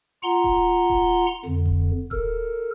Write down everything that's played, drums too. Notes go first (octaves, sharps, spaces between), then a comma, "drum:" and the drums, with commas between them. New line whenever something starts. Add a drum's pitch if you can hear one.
F4 F#5 A#5 C6
drum: kick D#1
drum: kick D#1
F2 D3
drum: kick D#1
A4 A#4, drum: kick D#1